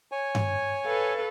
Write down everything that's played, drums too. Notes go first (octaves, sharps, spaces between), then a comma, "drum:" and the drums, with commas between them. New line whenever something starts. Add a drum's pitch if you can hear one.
C#5 G#5
drum: tom G2
A4 B4 F5